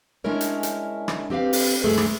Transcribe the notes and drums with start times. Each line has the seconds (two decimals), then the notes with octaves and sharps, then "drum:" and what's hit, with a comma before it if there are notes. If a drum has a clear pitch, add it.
0.24 G#3 C#4 D4 E4 A#4 C#5
0.41 drum: hi-hat
0.63 drum: hi-hat
1.08 drum: rim click
1.30 C4 G4 B4 F5
1.53 drum: open hi-hat
1.84 D2 G2 G#3 A3 E4 G#4
1.97 drum: rim click